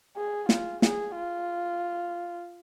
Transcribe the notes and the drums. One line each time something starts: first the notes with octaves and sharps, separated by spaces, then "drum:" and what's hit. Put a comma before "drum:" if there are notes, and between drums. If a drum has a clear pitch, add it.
G#4
F4, drum: snare
G#4, drum: snare
F4